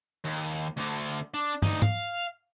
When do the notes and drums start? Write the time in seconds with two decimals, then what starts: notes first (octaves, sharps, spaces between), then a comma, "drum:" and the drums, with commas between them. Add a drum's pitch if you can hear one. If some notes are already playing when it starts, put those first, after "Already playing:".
0.25 D#2
0.77 D2 D3
1.34 D4
1.62 D2 D#4, drum: tom
1.82 F5, drum: tom